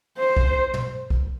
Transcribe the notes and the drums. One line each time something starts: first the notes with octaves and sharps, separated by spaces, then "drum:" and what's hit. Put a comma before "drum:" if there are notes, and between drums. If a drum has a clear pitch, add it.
C5
drum: kick
drum: tom
drum: kick